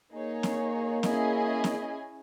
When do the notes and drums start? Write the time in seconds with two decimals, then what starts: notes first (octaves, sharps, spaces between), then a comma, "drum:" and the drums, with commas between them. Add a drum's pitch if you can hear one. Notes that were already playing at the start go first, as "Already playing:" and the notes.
0.12 A#3 D#4 G#4 C#5
0.43 drum: snare C4
1.03 C#4 E4 G#4 D#5 G#5, drum: snare C4
1.64 drum: snare C4